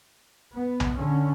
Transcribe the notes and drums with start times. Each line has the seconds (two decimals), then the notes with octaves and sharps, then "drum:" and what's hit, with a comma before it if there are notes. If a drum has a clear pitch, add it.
0.56 B3
0.80 drum: tom B1
0.96 D3 C#4